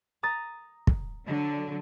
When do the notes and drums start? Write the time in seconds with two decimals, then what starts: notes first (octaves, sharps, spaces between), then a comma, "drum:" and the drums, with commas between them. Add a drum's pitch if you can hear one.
0.23 A#5 D#6 A6
0.87 drum: kick
1.26 D3 F#3